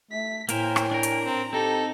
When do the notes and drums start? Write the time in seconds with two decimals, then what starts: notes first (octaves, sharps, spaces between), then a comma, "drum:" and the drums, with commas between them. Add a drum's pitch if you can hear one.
0.11 A3 B6
0.49 A2 A#3 A#4 C5 G5 G#5, drum: hi-hat
0.76 drum: rim click
0.91 D4 A#4
1.03 drum: hi-hat
1.24 C4 A#5
1.53 C4 D#4 G4 A4